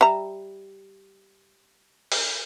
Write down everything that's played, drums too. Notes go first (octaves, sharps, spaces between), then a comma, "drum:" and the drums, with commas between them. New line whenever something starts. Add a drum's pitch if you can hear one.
G3 E5 A#5
drum: open hi-hat